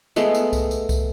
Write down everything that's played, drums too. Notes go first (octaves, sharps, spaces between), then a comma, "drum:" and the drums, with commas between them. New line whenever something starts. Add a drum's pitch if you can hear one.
G#3 A3 B3, drum: tambourine
drum: tambourine
drum: kick C2, tambourine
drum: tambourine
drum: kick C2, tambourine